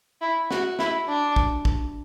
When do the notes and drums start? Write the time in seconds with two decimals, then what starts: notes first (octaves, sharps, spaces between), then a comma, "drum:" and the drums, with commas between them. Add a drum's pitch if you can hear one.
0.22 E4
0.51 F#4, drum: snare
0.79 E4, drum: snare
1.07 D4
1.36 drum: kick
1.65 drum: kick